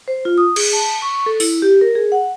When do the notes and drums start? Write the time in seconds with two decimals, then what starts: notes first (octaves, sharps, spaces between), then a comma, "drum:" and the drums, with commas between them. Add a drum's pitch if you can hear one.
0.08 C5
0.25 F4
0.38 D#6
0.56 G#4, drum: cymbal
0.73 A5
1.02 C#6
1.26 A4
1.40 E4, drum: open hi-hat
1.62 G4
1.81 A#4
1.95 G#4
2.12 F#5